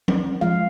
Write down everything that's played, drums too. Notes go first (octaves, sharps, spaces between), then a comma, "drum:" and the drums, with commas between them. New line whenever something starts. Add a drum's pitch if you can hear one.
drum: tom F#3
F3 G#3 C#4 F4 F5